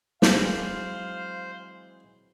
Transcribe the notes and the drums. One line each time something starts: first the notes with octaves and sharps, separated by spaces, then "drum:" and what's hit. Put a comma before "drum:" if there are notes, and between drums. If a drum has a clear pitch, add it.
E3 F#3 G#3 C4 C5 F5, drum: snare